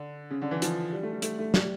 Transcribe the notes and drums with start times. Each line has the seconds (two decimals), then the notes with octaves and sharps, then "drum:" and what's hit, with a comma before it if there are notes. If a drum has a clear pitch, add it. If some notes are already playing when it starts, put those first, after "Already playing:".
Already playing: D3
0.30 C#3
0.42 D3
0.51 E3
0.62 F3, drum: hi-hat
0.92 G3
1.03 A3
1.13 G3
1.22 A3, drum: hi-hat
1.39 A3
1.54 G3, drum: snare